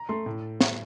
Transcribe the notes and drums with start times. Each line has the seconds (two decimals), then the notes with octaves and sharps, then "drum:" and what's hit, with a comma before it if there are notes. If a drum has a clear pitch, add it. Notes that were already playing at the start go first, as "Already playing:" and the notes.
Already playing: A#5
0.09 A3 C6
0.26 A2
0.61 drum: snare